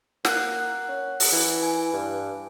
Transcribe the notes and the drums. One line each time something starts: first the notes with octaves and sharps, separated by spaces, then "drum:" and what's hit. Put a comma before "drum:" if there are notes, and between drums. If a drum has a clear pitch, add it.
A#3 F#5 F#6, drum: snare
C#4
drum: open hi-hat
E3
G#5
G2